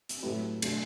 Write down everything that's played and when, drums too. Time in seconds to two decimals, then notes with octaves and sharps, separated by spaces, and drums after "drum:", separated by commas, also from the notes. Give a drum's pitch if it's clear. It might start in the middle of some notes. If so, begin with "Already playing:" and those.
0.09 drum: hi-hat
0.23 A2 F#3 A3 E4 G4 B4
0.62 B2 F#3 A3 D4, drum: cymbal